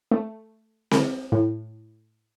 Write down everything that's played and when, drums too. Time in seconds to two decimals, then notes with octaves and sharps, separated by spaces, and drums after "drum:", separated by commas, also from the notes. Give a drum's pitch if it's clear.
0.11 A3
0.91 drum: snare C4
1.32 A2